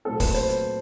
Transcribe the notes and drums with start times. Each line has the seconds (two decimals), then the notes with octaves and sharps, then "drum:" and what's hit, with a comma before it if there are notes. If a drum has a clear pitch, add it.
0.05 A#2 F#3 A3 C4 A4
0.20 B4, drum: kick, open hi-hat
0.34 C5, drum: hi-hat
0.49 drum: hi-hat